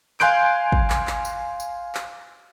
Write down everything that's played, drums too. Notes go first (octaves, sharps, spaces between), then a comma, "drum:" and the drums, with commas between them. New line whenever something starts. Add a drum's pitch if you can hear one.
F5 G#5 C6 F#6 G6 D7, drum: clap
drum: kick
drum: clap
drum: clap
drum: tambourine
drum: tambourine
drum: clap